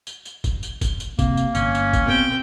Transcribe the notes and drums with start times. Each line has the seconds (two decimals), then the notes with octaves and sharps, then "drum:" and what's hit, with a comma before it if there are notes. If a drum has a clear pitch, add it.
0.07 drum: tambourine
0.25 drum: tambourine
0.44 drum: kick, tambourine
0.63 drum: tambourine
0.81 drum: kick, tambourine
1.00 drum: tambourine
1.19 C3 A#3, drum: kick, tambourine
1.37 drum: tambourine
1.55 G1 C#4, drum: tambourine
1.75 drum: tambourine
1.93 drum: kick, tambourine
2.06 B2 C4 G5